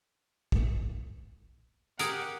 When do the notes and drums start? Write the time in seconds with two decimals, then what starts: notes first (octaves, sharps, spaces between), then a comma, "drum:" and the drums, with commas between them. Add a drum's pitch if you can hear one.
0.52 drum: kick
1.99 G4 G#4 A#4 F#5, drum: hi-hat